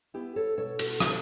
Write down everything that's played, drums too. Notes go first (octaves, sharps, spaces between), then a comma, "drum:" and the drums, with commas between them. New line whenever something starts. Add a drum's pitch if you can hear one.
B3 E4 G4
A4 C#5
B2 A4 C#5
F#4 A4, drum: cymbal
B3 E4 G4, drum: rim click